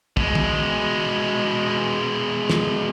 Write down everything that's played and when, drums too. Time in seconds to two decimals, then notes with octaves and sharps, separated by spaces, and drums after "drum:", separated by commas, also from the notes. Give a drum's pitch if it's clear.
0.17 B2 G#3, drum: kick
0.35 drum: tom
2.50 drum: snare